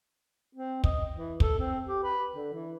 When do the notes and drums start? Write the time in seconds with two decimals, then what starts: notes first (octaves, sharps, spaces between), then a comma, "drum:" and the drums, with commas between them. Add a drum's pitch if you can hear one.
0.55 C4
0.84 D#5, drum: kick
1.15 E3
1.40 A4, drum: kick
1.59 C4
1.86 G4
2.03 B4
2.35 D3
2.53 E3